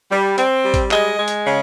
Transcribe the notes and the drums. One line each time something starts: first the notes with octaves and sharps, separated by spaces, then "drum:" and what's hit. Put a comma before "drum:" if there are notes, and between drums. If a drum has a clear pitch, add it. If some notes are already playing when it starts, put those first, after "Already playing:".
G3
C4, drum: hi-hat
G3
drum: kick, hi-hat
G#3 D#5, drum: clap
G#3
drum: hi-hat
C#3